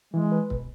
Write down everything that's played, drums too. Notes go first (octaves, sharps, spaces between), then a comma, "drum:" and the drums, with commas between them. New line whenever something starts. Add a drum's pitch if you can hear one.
E3 G#3
B4
B2, drum: kick